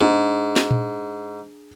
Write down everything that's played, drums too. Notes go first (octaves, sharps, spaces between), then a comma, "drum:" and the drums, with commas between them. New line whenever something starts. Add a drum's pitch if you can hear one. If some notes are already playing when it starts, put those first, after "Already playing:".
G#2 D4 G#4
drum: snare
drum: tom A#2